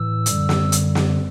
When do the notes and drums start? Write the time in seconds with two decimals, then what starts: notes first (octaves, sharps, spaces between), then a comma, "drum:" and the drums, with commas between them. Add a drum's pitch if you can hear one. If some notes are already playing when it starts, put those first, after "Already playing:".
Already playing: A2 E3 E6
0.26 F#2 D3 G3, drum: hi-hat
0.49 drum: snare
0.72 drum: hi-hat
0.95 drum: snare